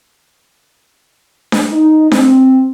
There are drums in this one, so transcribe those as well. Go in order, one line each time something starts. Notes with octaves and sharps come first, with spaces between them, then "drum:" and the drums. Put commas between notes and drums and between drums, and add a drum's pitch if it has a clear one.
drum: snare D4
D#4
C4, drum: snare D4